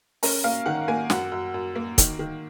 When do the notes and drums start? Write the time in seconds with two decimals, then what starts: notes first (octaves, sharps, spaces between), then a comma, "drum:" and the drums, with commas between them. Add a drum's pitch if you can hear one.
0.23 C#4 A#4, drum: open hi-hat
0.44 A#3 F5
0.66 D#3 F#5
0.88 A#3 G#5
1.10 F#2 F#5, drum: snare
1.32 F#2
1.54 F#2
1.76 A#3
1.98 D#3, drum: kick, hi-hat
2.19 D#3